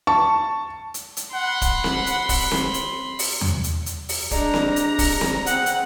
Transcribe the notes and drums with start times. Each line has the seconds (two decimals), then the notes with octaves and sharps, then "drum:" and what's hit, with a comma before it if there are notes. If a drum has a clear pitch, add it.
0.07 A5 C#6
0.94 drum: hi-hat
1.17 drum: hi-hat
1.35 F#5 B5 C6
1.62 drum: kick, hi-hat
1.84 drum: snare C4
2.06 drum: hi-hat
2.29 drum: kick, open hi-hat
2.51 drum: snare C4
2.74 drum: hi-hat
3.19 drum: open hi-hat
3.41 drum: tom E2
3.64 drum: hi-hat
3.86 drum: hi-hat
4.09 drum: open hi-hat
4.31 G3 G#3 D4 A#5, drum: kick, hi-hat
4.54 drum: snare C4
4.76 drum: hi-hat
4.99 drum: kick, open hi-hat
5.21 drum: snare C4
5.46 C#3 B3 C4 B4 F#5 F#7, drum: hi-hat
5.66 drum: hi-hat